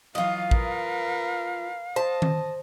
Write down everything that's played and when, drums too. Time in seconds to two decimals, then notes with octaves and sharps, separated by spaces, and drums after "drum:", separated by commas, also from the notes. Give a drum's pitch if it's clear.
0.15 E3 F#3 F4 D#5 F5
0.51 A#4 B4, drum: kick
1.96 C5 D#5 A5
2.22 drum: tom D#3